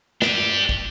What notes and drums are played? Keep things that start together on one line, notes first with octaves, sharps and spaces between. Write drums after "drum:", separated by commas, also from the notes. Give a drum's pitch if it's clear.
D4 G4, drum: snare
drum: kick